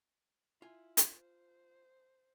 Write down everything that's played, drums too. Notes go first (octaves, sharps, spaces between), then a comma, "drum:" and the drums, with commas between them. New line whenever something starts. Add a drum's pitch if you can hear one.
E4 F4 G#5
drum: hi-hat
C5